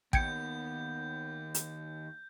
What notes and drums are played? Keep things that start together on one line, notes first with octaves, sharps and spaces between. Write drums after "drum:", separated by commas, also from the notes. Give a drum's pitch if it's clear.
D#2 B3 G5 G6 G#6 C#7, drum: kick A1
drum: hi-hat